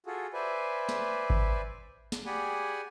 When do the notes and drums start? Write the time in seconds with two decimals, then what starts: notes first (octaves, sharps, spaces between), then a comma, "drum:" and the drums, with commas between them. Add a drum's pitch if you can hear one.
0.06 F4 F#4 G#4 A4
0.33 B4 C5 D5 E5 G#5
0.89 drum: snare
1.30 drum: kick G#1
2.12 drum: snare
2.26 G4 G#4 D5 F#5 G#5 B5